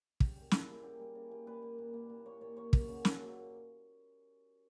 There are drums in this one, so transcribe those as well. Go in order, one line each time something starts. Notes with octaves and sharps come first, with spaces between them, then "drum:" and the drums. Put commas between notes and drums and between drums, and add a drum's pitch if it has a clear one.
C#3 G4, drum: kick
G3
A#3
C#3 E4, drum: snare
G3 A#3
C#3 G4
G3 A#3
C#3
G3 A#3
A#2 B4
A#3
A#2
A#3
A#2
A#3 C#5
A#2 C#5
A#3 C#5
F#2, drum: kick
C#3 F#3 A#3
F#2, drum: snare
C#3 F#3 A#3